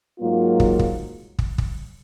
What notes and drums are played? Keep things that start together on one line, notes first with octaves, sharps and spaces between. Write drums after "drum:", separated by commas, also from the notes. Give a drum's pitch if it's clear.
G#2 F#3 A#3 F4
drum: kick
drum: kick
drum: kick
drum: kick